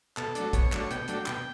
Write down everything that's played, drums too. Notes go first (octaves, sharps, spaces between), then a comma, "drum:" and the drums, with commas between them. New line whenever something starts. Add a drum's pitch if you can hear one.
B2 A4, drum: clap
F#3 A3 D4, drum: hi-hat
B2 C#5, drum: kick, hi-hat
F#3 A3 D4, drum: clap
B2 G5, drum: hi-hat
F#3 A3 D4, drum: hi-hat
B2 G5, drum: clap